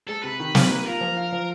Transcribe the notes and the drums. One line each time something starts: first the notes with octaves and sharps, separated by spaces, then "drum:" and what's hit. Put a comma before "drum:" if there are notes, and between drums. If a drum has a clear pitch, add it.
G#3 A4
C3 B4
D#3
G3, drum: snare
A#3
F4 A#4
F3
F4
F3